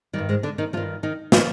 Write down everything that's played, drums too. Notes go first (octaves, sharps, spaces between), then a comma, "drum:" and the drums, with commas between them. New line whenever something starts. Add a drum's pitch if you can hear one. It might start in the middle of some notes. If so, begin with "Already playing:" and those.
D#3 G3
G2
G#2 G#3
D3 D4
D#3 D#4
G2 D#3 F3 F4
D#3 D#4
D3 D#3 F3 D#4, drum: snare